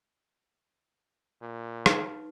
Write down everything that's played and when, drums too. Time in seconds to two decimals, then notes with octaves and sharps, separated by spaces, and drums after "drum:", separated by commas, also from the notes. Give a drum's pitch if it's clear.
1.42 A#2
1.86 D#4 B4, drum: rim click